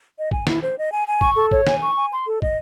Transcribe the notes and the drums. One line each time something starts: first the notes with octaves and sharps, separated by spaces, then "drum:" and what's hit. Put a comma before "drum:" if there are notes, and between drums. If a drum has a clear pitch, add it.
D#5
G#5, drum: kick
E4, drum: snare
C5
D#5
G#5
G#5
C#6, drum: kick
A4
C#5, drum: kick
G#5, drum: snare
C#6
G#5
C6
A4
D#5, drum: kick